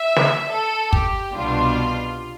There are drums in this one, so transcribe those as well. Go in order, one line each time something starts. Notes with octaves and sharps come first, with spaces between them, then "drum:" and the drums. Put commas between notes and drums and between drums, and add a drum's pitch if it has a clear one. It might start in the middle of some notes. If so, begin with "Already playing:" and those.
Already playing: E5
drum: snare
A4
G4, drum: kick
C2 B2 G3 D4 F4